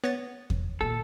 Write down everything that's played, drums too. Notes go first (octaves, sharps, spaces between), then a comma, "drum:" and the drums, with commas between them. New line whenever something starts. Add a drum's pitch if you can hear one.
B3 C#5 A6
drum: kick E2
D#2 A#2 A4